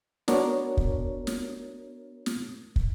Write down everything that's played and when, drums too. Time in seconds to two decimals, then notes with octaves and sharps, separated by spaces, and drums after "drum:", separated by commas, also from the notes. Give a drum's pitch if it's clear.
0.28 B3 D4 F#4 A#4 C#5, drum: snare
0.77 drum: kick
1.27 drum: snare
2.26 drum: snare
2.76 drum: kick